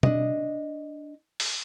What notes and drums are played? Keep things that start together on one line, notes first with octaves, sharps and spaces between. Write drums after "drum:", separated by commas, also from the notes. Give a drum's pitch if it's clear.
D4 D#5, drum: tom B2
drum: open hi-hat